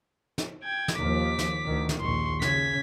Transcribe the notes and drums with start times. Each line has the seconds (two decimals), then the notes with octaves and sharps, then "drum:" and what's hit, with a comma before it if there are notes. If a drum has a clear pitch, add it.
0.38 drum: snare
0.63 G5 G#6
0.88 drum: snare
0.97 D#2 D#3 F3 D6 B6
1.39 drum: snare
1.63 D2 D#3
1.89 drum: snare
2.01 A#1 D#2 C6 C#6
2.42 C#3 G#6 B6, drum: snare